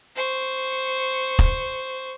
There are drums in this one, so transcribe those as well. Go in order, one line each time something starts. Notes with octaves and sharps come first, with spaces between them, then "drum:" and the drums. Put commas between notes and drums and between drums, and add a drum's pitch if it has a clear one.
C5 C#6
drum: kick